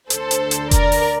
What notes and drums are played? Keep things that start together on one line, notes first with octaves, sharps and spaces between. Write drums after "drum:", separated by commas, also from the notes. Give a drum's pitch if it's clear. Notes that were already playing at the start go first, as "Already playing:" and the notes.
D2 D3 A4 C5, drum: hi-hat
drum: hi-hat
drum: hi-hat
A#4 D5, drum: kick F1, hi-hat
drum: open hi-hat